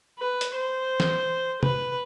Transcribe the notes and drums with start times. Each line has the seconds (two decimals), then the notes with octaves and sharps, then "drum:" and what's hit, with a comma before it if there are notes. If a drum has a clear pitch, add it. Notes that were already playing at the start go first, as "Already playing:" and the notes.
0.19 B4
0.41 drum: hi-hat
0.55 C5
1.00 drum: snare
1.63 B4, drum: tom